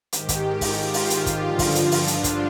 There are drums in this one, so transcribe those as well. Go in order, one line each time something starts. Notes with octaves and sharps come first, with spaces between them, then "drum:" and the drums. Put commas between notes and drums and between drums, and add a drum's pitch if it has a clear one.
G#2 D#3 G4, drum: hi-hat
drum: kick, hi-hat
drum: kick, open hi-hat
F4
drum: open hi-hat
drum: hi-hat
drum: kick, hi-hat
G2 D3 F3
drum: kick, open hi-hat
drum: hi-hat
drum: open hi-hat
D4, drum: hi-hat
drum: kick, hi-hat